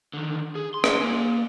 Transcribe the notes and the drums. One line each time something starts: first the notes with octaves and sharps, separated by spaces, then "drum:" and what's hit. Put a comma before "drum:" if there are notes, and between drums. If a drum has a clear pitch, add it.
D3 D#3
G#4
C6
drum: rim click
A#3 G#5